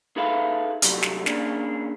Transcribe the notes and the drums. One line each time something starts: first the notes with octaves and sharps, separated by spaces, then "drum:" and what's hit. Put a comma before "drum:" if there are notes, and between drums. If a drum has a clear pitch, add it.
D#4 G#4 A4 B4 E5 F5
C2 G2 C3 F#3 G3 A3, drum: hi-hat
drum: snare
A#3 C#4 D4 G#4, drum: snare